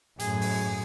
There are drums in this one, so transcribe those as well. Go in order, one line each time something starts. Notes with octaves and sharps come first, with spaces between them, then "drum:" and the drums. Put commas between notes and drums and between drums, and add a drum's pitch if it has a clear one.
F#2 A2 G#4, drum: hi-hat
drum: open hi-hat